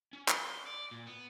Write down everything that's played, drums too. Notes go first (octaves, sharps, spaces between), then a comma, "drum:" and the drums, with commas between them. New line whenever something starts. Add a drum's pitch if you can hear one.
C#4
C6, drum: clap
D5
A#2
B3